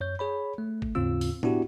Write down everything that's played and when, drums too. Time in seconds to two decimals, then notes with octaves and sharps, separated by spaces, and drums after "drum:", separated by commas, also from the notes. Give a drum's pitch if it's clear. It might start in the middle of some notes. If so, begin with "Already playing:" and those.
0.01 F#2 C#5 G6
0.19 G#4 C#5 B5
0.58 A3
0.82 drum: kick G1
0.95 D#2 G#2 C#3 C4 F4 E6
1.21 drum: open hi-hat
1.43 B3 D4 E4 F#4 G4, drum: tom A2